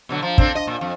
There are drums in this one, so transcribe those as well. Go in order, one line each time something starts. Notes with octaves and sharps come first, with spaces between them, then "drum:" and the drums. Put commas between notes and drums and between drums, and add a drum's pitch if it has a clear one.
B2 D3 F#3
F3
C4 D4 A4, drum: kick
D#5
A#2
F2